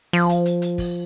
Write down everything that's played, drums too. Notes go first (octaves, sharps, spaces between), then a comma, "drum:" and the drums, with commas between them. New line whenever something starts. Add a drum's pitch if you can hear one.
F3, drum: open hi-hat
drum: hi-hat
drum: hi-hat
drum: hi-hat
drum: kick, open hi-hat